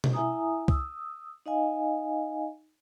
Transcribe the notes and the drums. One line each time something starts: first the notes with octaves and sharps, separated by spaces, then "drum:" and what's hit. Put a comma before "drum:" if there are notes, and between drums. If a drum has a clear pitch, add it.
drum: tom B2
E4 E5 G#5 A#5 D#6
D#6 E6, drum: kick C2
D#4 D#5 F5 G#5